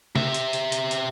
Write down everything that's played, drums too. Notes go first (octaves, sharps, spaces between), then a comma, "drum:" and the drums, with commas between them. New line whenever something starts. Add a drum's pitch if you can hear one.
G4 E5, drum: snare C#3
drum: hi-hat
drum: hi-hat
drum: hi-hat
drum: hi-hat